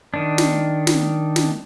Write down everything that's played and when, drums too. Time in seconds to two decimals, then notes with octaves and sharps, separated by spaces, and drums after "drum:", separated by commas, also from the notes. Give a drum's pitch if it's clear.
0.14 D#3 D4
0.38 drum: snare
0.87 drum: snare
1.36 drum: snare